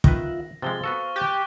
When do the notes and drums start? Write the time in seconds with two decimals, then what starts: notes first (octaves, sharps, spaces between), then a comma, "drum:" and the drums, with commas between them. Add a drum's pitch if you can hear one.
0.04 D#3 F4 B4 E5 F#5 A#6, drum: kick
0.62 C3 F3 G#3 C5 F5 A6 G7
0.84 B3 F#4 A4 C#6
1.16 G4 F#6 G6 A6